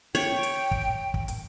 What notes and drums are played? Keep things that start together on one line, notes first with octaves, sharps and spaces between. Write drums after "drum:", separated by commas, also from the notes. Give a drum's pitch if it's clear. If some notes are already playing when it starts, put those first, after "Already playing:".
C#5 G5, drum: hi-hat
drum: hi-hat
drum: kick
drum: kick
drum: hi-hat